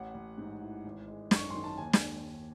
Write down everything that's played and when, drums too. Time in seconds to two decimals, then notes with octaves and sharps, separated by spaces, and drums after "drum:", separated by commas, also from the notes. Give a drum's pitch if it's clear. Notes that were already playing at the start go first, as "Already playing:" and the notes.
Already playing: A1 F#5
0.14 A1
0.38 G#2
0.62 E3
0.84 G#1
1.08 G#3
1.31 F#2 C#6, drum: snare
1.50 D#3 C6
1.64 A5
1.77 D#2 G#5
1.93 drum: snare